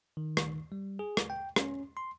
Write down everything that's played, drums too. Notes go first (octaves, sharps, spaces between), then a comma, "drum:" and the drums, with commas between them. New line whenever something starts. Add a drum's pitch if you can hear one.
D#3
drum: rim click
G3
G#4
drum: rim click
G5
C#4, drum: rim click
C6